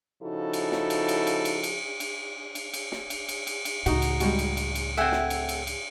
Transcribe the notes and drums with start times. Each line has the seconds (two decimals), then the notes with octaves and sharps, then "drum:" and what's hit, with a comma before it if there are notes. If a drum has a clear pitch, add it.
0.21 C#3 F3 D#4 E4 F#4 A4
0.53 drum: cymbal
0.72 drum: snare
0.90 drum: cymbal
1.08 drum: cymbal
1.27 drum: cymbal
1.45 drum: cymbal
1.63 drum: cymbal
2.00 drum: cymbal
2.55 drum: cymbal
2.74 drum: cymbal
2.92 drum: snare
3.10 drum: cymbal
3.29 drum: cymbal
3.47 drum: cymbal
3.65 drum: cymbal
3.86 C#2 A2 D#4 F#4 F#5, drum: cymbal
4.02 drum: cymbal
4.20 G3 G#3 F#4, drum: cymbal
4.39 drum: cymbal
4.57 drum: cymbal
4.75 drum: cymbal
4.97 A3 C4 E5 F#5 G#5
5.12 drum: snare
5.30 drum: cymbal
5.49 drum: cymbal
5.67 drum: cymbal